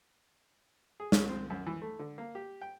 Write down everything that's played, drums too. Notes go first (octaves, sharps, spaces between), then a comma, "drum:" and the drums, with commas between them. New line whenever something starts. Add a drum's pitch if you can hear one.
G#4
C#4, drum: snare
C4
F#2
E3
A3
D3
A#3
G4
G5